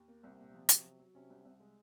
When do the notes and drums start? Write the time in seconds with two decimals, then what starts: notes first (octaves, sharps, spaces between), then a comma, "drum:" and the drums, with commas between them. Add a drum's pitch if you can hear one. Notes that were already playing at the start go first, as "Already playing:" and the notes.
Already playing: D#2
0.08 A#3
0.23 C2 C3
0.39 A#2
0.54 F3
0.69 F#4, drum: hi-hat
0.84 F#3
0.99 F#3
1.15 C3 C#4
1.30 C2
1.45 C2
1.60 G#3